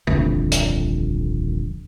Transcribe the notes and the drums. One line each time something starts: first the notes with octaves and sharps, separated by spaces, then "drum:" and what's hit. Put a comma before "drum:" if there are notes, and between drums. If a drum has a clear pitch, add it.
D#1 C2 F2 D3, drum: tom
drum: hi-hat